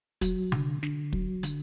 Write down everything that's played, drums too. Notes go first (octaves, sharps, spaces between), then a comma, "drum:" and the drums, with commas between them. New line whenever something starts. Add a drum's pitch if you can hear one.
F#3, drum: kick, hi-hat
D3, drum: tom C3
D3, drum: snare
F#3, drum: kick
D3, drum: hi-hat